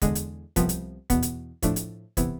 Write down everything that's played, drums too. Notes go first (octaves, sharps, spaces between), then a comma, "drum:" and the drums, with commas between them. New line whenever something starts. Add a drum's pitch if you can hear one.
E2 D3 G#3, drum: kick, hi-hat
drum: hi-hat
C2 C3 F3 B3, drum: kick, hi-hat
drum: hi-hat
E2 B2 B3, drum: kick, hi-hat
drum: hi-hat
A2 F3 A3 D4, drum: kick, hi-hat
drum: hi-hat
C3 E3 B3 E4, drum: kick, hi-hat